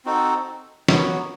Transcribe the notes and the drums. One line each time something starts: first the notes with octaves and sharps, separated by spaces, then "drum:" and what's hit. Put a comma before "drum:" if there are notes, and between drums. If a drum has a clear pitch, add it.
C4 D#4 F#4 A4
F#3 B3 F#4, drum: snare